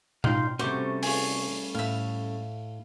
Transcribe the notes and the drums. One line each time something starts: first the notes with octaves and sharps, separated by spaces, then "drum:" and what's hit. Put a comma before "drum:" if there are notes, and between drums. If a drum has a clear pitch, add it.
D#4 F4 F5 G5 C6, drum: tom B2
C3 G3 A3 C#4 F#4 C5 D6
G#4 C#5, drum: open hi-hat
A2 E5 F5